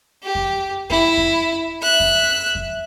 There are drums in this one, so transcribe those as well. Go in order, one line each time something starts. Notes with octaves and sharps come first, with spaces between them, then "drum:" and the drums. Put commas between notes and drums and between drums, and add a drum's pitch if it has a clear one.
G4
drum: kick F2
E4, drum: kick F2
drum: kick F2
E5 F#6
drum: kick F2
drum: kick F2